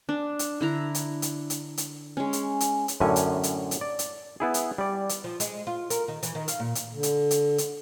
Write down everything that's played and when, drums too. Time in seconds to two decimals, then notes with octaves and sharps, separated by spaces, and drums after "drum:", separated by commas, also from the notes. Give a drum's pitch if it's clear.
0.09 D4
0.39 drum: hi-hat
0.61 D3 E4 A#5
0.95 drum: hi-hat
1.22 drum: hi-hat
1.50 drum: hi-hat
1.78 drum: hi-hat
2.17 G#3 C#4
2.33 drum: hi-hat
2.60 drum: hi-hat
2.88 drum: hi-hat
3.00 F#2 A2 D3 C#4 G#5
3.16 drum: hi-hat
3.43 drum: hi-hat
3.71 drum: hi-hat
3.81 D5
3.99 drum: hi-hat
4.40 B3 E4 G#4
4.54 drum: hi-hat
4.78 G3 D5
5.09 drum: hi-hat
5.24 F3
5.40 G#3, drum: hi-hat
5.67 F4
5.90 A#4, drum: hi-hat
6.08 D#3
6.23 E3, drum: hi-hat
6.35 D#3
6.48 F5, drum: hi-hat
6.60 A#2
6.75 drum: hi-hat
6.93 D3
7.03 drum: hi-hat
7.31 drum: hi-hat
7.58 drum: hi-hat